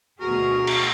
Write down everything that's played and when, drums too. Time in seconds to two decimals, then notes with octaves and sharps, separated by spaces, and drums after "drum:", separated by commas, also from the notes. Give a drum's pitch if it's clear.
0.20 D2 B2 F#4 G#4 A#4 C#6 F6
0.67 drum: cymbal